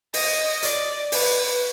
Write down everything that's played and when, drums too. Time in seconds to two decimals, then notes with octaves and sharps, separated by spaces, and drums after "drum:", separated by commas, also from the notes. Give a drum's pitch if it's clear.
0.14 D#5, drum: open hi-hat
0.62 D5, drum: hi-hat
1.12 B4, drum: open hi-hat